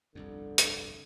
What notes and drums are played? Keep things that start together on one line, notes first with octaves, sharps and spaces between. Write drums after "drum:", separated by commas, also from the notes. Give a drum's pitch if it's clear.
G1 C2 F2 D3
drum: hi-hat